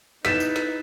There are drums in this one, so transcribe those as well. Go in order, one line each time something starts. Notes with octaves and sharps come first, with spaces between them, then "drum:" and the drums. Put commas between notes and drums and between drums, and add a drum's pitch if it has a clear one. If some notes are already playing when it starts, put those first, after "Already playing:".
D#4 E4 B4 G6 A6 B6 E7, drum: snare
drum: tambourine
drum: snare